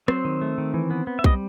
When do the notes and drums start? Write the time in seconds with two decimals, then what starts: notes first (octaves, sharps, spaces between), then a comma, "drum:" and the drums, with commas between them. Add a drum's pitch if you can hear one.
0.08 F#3 C4 C5, drum: rim click
0.25 D#3
0.41 A3
0.58 D#3
0.74 E3
0.91 B3
1.07 B3
1.19 E5
1.24 G3 D#5, drum: kick B1